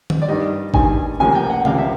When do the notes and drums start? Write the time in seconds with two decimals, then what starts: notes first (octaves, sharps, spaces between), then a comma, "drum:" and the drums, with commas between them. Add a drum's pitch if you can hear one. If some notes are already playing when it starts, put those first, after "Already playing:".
0.10 drum: tom D#3
0.22 D5
0.28 G2 D#3 G3 D#5
0.74 G2 D#3 G3 G#5, drum: kick G#1
1.20 C#2 C3 F3 A#3 G#5
1.35 G5
1.50 F#5
1.65 C#2 C3 F3 A#3 F5, drum: tom C#3
1.78 E5